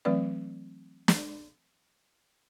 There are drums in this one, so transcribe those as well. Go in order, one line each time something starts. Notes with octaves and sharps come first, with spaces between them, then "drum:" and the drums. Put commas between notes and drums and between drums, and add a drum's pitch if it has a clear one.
E3 F#3 A3 C4 B4 D5
drum: snare